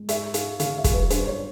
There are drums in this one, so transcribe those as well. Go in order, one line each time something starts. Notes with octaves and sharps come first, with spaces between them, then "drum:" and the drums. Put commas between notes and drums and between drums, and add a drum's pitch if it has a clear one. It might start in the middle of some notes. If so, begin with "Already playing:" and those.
Already playing: G#3
G#2 E5, drum: hi-hat
G#2 F5, drum: hi-hat
D#3 F5, drum: hi-hat
E5
F#3, drum: kick, hi-hat
B4
G2 C5, drum: hi-hat
C#5